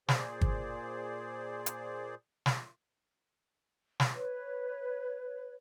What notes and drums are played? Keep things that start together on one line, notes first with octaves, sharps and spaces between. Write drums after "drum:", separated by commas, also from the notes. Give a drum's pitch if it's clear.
A#2 G#4 C5 D5, drum: snare
drum: kick G1
drum: hi-hat
drum: snare
drum: snare
B4 C#5